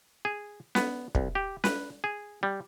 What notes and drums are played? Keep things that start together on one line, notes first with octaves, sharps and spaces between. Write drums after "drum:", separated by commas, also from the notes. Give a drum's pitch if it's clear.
G#4
B3, drum: snare
C2, drum: kick
G4
B4, drum: snare
G#4
G3